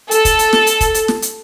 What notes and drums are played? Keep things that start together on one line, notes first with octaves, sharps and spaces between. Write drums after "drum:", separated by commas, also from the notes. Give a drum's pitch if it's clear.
A4, drum: hi-hat
drum: kick, hi-hat
drum: hi-hat
drum: snare
drum: hi-hat
drum: kick, hi-hat
drum: hi-hat
drum: snare
drum: hi-hat